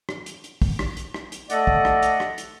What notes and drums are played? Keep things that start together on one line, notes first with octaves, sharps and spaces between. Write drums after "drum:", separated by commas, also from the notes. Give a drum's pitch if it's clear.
drum: rim click
drum: hi-hat
drum: hi-hat
drum: kick, open hi-hat
drum: rim click
drum: hi-hat
drum: rim click
drum: hi-hat
A3 A4 D5 D#5 F#5, drum: hi-hat
drum: kick
drum: rim click
drum: hi-hat
drum: rim click
drum: hi-hat